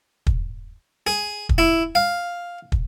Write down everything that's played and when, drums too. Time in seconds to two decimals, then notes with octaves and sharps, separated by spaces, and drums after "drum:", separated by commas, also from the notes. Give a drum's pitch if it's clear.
0.27 drum: kick
1.07 G#4
1.49 drum: kick
1.58 E4
1.95 F5
2.72 drum: kick